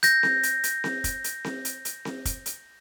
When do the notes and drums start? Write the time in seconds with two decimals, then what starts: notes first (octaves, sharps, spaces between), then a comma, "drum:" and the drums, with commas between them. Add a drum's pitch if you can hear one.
0.03 G6 A#6, drum: hi-hat
0.23 drum: snare C4
0.43 drum: hi-hat
0.64 drum: hi-hat
0.84 drum: snare C4
1.04 drum: kick, hi-hat
1.24 drum: hi-hat
1.44 drum: snare C4
1.65 drum: hi-hat
1.85 drum: hi-hat
2.05 drum: snare C4
2.25 drum: kick, hi-hat
2.46 drum: hi-hat